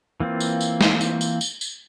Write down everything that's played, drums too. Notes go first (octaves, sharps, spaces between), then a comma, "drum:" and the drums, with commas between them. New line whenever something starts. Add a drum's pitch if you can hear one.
E3 A#3 C4 F4
drum: tambourine
drum: tambourine
drum: snare
drum: tambourine
drum: tambourine
drum: tambourine
drum: tambourine